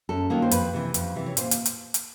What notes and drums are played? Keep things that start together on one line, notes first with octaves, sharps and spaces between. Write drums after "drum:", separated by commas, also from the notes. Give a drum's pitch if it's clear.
F#2 A4
D#3 F#3 A#3
C5
F2 B4, drum: hi-hat
C3 E3
F2, drum: hi-hat
C3 E3
C#5
A#2 C5, drum: hi-hat
drum: hi-hat
drum: hi-hat
drum: hi-hat